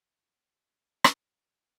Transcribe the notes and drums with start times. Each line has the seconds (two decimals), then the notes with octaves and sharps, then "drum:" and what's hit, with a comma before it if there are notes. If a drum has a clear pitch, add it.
0.10 F#4 C6
1.04 drum: rim click